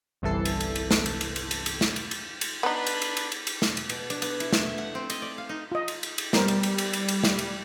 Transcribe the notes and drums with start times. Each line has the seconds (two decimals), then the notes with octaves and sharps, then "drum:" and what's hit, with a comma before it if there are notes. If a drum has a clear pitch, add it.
0.22 G1 C2 E3 A4 C7
0.45 drum: cymbal
0.60 drum: cymbal
0.76 drum: cymbal
0.91 drum: snare
1.06 drum: cymbal
1.21 drum: cymbal
1.36 drum: cymbal
1.51 drum: cymbal
1.66 drum: cymbal
1.81 drum: snare
1.96 drum: cymbal
2.11 drum: cymbal
2.41 drum: cymbal
2.63 B3 D4 D#4 B4
2.87 drum: cymbal
3.02 drum: cymbal
3.17 drum: cymbal
3.32 drum: cymbal
3.47 drum: cymbal
3.62 drum: snare
3.77 drum: cymbal
3.90 B2, drum: cymbal
4.10 D4, drum: cymbal
4.22 B3, drum: cymbal
4.40 E4, drum: cymbal
4.53 A3, drum: snare
4.66 E5
4.78 F#5
4.95 C4
5.10 D#5, drum: cymbal
5.22 D5
5.38 F5
5.49 D#4
5.72 F4 D#5
5.88 drum: cymbal
6.03 drum: cymbal
6.18 drum: cymbal
6.33 G3 B3 A#4 C5, drum: snare
6.48 drum: cymbal
6.63 drum: cymbal
6.78 drum: cymbal
6.93 drum: cymbal
7.08 drum: cymbal
7.24 drum: snare
7.39 drum: cymbal